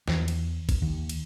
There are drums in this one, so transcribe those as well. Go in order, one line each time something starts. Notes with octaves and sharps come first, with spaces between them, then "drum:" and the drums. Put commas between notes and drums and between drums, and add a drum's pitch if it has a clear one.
E2, drum: snare
drum: cymbal
drum: kick G#1, cymbal
D#2
drum: cymbal